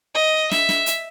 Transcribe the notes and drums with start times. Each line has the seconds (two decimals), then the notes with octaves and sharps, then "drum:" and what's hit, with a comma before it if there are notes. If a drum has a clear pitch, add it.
0.14 D#5
0.51 E5, drum: snare
0.69 drum: snare
0.86 drum: hi-hat